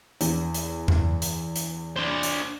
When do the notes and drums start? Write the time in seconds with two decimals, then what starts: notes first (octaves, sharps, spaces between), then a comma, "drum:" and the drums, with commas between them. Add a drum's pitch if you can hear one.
0.21 E2, drum: hi-hat
0.54 drum: hi-hat
0.88 drum: tom E2
1.22 drum: hi-hat
1.56 drum: hi-hat
1.96 D4 C5
2.23 drum: hi-hat